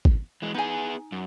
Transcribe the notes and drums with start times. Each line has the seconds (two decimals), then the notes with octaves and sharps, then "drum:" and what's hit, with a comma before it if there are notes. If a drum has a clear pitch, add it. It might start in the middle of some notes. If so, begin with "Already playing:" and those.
0.05 drum: kick G#1
0.42 E3 G#3
0.54 B3 D#4 G#4 G#5
1.12 F#2